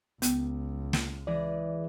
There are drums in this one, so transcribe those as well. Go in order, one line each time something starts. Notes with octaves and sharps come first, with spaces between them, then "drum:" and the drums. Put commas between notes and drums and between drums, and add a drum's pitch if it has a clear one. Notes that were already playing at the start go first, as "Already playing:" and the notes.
C#2 B3, drum: hi-hat
drum: snare
E3 G#3 G#4 D5